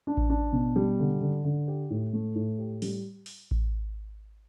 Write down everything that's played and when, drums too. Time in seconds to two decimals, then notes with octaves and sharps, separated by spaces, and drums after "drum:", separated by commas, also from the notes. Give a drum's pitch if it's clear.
0.07 D4
0.17 drum: kick A1
0.30 D4
0.53 B2
0.76 G3
1.00 D3
1.21 D3
1.44 D3
1.68 G4
1.90 A2
2.13 A3
2.36 A2
2.59 G4
2.82 G3, drum: open hi-hat
3.26 drum: open hi-hat
3.51 drum: kick A1